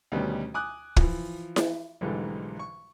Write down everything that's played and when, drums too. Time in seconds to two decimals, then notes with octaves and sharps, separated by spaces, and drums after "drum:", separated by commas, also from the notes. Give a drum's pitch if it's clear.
0.12 D2 B2 D#3 G3 C#4 B4
0.54 G#5 D6 D#6 F#6
0.96 E3 F3, drum: kick
1.56 drum: snare E4
2.01 B1 G#2 D3 E3 G3
2.59 C#6